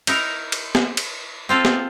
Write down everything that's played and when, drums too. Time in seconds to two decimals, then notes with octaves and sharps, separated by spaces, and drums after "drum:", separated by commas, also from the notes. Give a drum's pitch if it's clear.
0.07 D#4 E4 A#4, drum: cymbal
0.52 drum: cymbal
0.75 drum: snare
0.97 drum: cymbal
1.49 C4 F4 A4
1.65 drum: snare